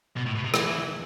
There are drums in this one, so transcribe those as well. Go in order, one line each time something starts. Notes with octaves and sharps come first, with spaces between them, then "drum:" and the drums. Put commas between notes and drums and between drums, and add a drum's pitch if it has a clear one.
B2
A2
B2
C3
E3, drum: rim click